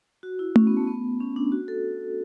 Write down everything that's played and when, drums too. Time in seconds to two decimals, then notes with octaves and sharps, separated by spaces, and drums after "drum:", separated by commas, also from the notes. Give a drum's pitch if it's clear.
0.23 F#4
0.39 E4
0.56 C#4, drum: tom A3
0.67 B3
0.77 A3
0.87 B3
1.20 C#4
1.36 D4
1.52 F#4
1.68 A4